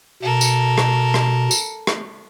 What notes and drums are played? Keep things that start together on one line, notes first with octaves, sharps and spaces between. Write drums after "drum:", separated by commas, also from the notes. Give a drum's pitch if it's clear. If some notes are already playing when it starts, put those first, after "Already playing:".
B2 A4 A#4
drum: tambourine
drum: rim click
drum: rim click
drum: tambourine
drum: rim click